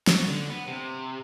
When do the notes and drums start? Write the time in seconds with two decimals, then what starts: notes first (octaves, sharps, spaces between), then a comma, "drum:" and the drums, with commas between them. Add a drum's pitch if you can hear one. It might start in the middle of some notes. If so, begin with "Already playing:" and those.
0.07 F#3, drum: snare
0.28 D3
0.50 B3
0.67 C3